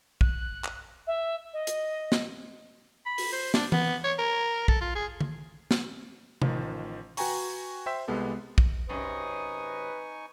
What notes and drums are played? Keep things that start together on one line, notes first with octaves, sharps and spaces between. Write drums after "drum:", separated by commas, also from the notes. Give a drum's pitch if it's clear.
F#6, drum: kick
drum: clap
E5
D#5
drum: hi-hat
drum: snare
B5
drum: open hi-hat
C5
D4, drum: snare
B3, drum: tom E3
C#5
A#4
A4, drum: kick
F4
G#4
drum: tom D3
drum: snare
A1 D#3 F3, drum: tom C3
F#4 B4 G5 G#5 A#5 C#6, drum: open hi-hat
C5 E5 G5 C6 E6 B6
C2 G#3 B3 G4 A4
drum: kick
F#2 C3 D#4 B4 G#5 C#6 D#6